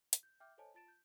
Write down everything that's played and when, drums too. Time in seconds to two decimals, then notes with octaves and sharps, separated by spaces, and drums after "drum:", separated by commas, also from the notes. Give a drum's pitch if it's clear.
0.13 drum: hi-hat
0.23 G6
0.40 E5 G5 D6 F6 G6
0.58 A4 C5 C#5 D#5 G#5 A5
0.74 F4 A5 A6 D7 E7
0.88 G6